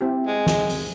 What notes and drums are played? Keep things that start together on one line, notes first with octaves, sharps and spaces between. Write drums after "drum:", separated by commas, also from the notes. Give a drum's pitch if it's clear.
C4 E4 G4
G#3
drum: snare
drum: open hi-hat